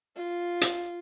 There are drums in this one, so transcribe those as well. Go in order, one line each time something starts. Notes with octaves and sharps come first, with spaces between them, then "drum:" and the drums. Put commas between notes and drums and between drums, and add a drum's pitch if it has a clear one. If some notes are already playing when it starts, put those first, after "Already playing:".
F4
drum: hi-hat